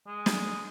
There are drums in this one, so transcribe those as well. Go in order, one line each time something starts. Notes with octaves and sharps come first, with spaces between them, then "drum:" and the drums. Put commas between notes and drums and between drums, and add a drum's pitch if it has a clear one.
G#3
drum: snare